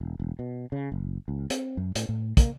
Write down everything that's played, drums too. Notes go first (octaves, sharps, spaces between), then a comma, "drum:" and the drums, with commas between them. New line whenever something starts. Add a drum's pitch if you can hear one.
E1
E1
B2
C#3
F#1
C#2
C4, drum: hi-hat
F#2
A2, drum: hi-hat
A2
A#3, drum: kick, hi-hat